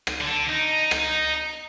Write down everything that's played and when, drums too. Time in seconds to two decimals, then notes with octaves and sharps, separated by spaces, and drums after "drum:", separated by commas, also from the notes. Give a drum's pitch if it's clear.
0.07 drum: rim click
0.21 D3 D4
0.49 D#4
0.91 drum: rim click